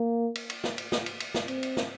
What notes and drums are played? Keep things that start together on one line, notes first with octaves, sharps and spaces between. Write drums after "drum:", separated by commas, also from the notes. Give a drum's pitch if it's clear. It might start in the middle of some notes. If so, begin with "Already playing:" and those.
Already playing: A#3
drum: cymbal
drum: cymbal
drum: snare
drum: cymbal
drum: snare
drum: cymbal
drum: cymbal
drum: snare
C4, drum: cymbal
drum: cymbal
drum: snare